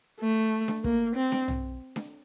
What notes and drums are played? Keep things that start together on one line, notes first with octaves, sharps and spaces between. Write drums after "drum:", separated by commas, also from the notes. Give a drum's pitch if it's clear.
A3
drum: snare D4
A#3, drum: kick
C4
drum: snare D4
drum: tom
drum: snare D4